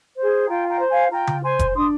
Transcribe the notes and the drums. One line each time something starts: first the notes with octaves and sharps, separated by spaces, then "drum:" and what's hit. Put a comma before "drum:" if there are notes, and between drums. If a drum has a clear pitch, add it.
G#4 C5
F4 G5 A#5
G5 A#5
C5
F5 G#5
F4 G5 A#5
drum: tom C#3
C5 G#5 C6
drum: kick F1, hi-hat
D4 C6 D#6